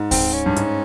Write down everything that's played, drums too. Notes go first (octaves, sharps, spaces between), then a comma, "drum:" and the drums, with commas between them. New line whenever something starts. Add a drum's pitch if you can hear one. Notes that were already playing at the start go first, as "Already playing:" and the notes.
Already playing: G#2
C4, drum: kick D2, open hi-hat
C#4
G2
G#2, drum: hi-hat